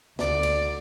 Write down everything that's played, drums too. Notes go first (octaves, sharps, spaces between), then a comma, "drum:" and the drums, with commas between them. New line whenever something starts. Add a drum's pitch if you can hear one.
D2 D5, drum: snare
drum: cymbal